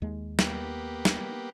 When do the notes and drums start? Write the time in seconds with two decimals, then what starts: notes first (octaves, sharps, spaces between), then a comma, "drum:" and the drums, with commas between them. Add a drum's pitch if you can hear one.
0.02 D#2 G#3
0.39 A#3 B3 G4, drum: snare
1.05 drum: snare